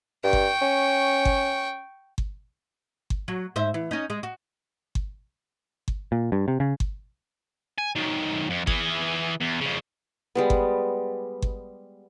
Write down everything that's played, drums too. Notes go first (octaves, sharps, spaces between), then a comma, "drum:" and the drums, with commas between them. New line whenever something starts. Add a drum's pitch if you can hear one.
G2 G5 C#6
drum: kick G1
C#4
drum: kick G1
drum: kick G1
drum: kick G1
F#3
G#2 C5 E5
E3
C#4 D#4
G#3
F#4
drum: kick G1
drum: kick G1
A#2
G2
C3
C#3
drum: kick G1
G#5
D#3 F#3
F2
E3 G#4, drum: kick G1
E2
F2 C#3
G3 G#3 B3
drum: kick G1
drum: kick G1